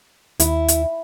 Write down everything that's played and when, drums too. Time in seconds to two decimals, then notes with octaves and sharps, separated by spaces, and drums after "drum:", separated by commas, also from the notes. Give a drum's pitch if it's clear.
0.40 D#2 E4, drum: hi-hat
0.68 drum: hi-hat